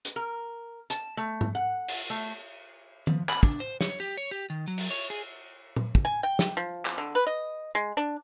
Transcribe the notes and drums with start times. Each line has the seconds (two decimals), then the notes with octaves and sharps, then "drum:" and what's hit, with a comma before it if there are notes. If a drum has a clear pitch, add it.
0.05 drum: hi-hat
0.16 A#4
0.90 A5, drum: hi-hat
1.17 A3
1.41 drum: tom G#2
1.55 F#5
1.88 drum: cymbal
2.10 A3
3.07 F3, drum: tom D#3
3.29 B5, drum: clap
3.43 D4, drum: kick
3.60 C5
3.81 C#5, drum: snare
4.00 G4
4.17 C#5
4.31 G4
4.50 D#3
4.68 F#3
4.78 drum: cymbal
4.91 C#5
5.10 G#4
5.76 drum: tom A#2
5.95 drum: kick
6.05 G#5
6.23 G5
6.39 drum: snare
6.57 F3
6.85 drum: clap
6.98 D3
7.15 B4
7.27 D#5
7.75 G#3
7.97 D4